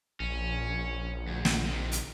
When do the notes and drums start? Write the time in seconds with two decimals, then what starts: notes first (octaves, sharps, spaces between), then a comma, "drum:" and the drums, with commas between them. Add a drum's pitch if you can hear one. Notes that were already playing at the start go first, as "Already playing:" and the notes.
0.20 A#1 C#4
1.28 D2
1.45 drum: snare
1.65 C3 D#3
1.92 drum: hi-hat